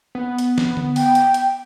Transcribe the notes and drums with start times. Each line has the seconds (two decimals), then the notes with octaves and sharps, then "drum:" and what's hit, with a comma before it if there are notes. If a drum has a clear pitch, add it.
0.15 B3
0.38 drum: hi-hat
0.58 drum: snare
0.77 drum: tom D3
0.96 G5, drum: open hi-hat
1.15 drum: hi-hat
1.34 drum: hi-hat